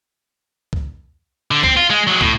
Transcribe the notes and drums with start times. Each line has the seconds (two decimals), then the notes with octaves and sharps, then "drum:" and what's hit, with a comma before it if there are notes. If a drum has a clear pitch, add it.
0.73 drum: kick
1.51 D3
1.63 C4, drum: kick
1.77 F4
1.90 G#3
2.07 F#3 G#3
2.21 A2, drum: kick